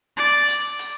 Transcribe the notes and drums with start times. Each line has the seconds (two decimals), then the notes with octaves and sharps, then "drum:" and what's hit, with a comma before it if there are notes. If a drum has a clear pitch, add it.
0.17 D5
0.48 drum: hi-hat
0.79 drum: hi-hat